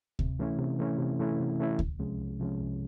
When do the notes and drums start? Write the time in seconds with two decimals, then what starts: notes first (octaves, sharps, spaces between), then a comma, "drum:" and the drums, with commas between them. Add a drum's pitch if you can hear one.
0.19 C3, drum: kick D2
0.39 E3 A3 C#4 E4
0.59 C3
0.79 E3 A3 C#4 E4
0.99 C3
1.19 E3 A3 C#4 E4
1.39 C3
1.59 E3 A3 C#4 E4
1.79 C2, drum: kick D2
1.99 C3 F3 G#3 C#4
2.19 C2
2.40 C3 F3 G#3 C#4
2.60 C2